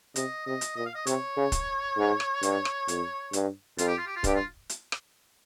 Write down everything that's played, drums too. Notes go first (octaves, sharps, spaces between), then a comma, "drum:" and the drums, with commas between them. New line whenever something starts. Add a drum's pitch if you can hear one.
C3 D#5, drum: hi-hat
C3 D#5
drum: hi-hat
A#2 D#5
F5
D#5
C3 C#5, drum: hi-hat
C#3
drum: kick, hi-hat
G#2
drum: rim click
G2, drum: hi-hat
drum: rim click
F2, drum: hi-hat
G2, drum: hi-hat
F2 F4, drum: hi-hat
G4
F4
G4
F4
G2 G4, drum: kick, hi-hat
F4
drum: hi-hat
drum: rim click